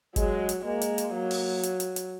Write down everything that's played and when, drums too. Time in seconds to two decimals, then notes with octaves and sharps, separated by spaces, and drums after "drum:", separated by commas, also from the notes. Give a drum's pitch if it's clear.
0.16 F#3 G#3, drum: kick G1, hi-hat
0.49 drum: hi-hat
0.65 G#3 A#3
0.82 drum: hi-hat
0.98 drum: hi-hat
1.14 F#3
1.31 drum: open hi-hat
1.63 drum: hi-hat
1.80 drum: hi-hat
1.96 drum: hi-hat